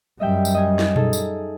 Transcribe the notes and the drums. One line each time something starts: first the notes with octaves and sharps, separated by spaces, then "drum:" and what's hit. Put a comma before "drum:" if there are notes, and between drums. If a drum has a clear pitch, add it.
F#2 G3 D#5 E5 G5
drum: tambourine
D#5 G#5
drum: snare
D#4 G#4 A4, drum: tom A#2
drum: tambourine